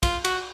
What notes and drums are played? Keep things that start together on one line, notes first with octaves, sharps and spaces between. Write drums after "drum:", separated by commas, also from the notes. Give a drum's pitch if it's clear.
F4, drum: kick, cymbal
F#4, drum: cymbal